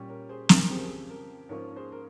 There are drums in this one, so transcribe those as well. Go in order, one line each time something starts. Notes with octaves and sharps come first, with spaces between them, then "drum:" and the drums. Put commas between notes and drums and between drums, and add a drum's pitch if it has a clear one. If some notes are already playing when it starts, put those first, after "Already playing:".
Already playing: A#2 G3 C#4 G4
A#4 C#5
G#4 C5
A#4, drum: snare
F2 C#3 F3 C4 G4 G#4
A#4
G#4
A#4
G#2 F3 A#3 C#4 F4 A#4 C#5
G#4 C5
A#4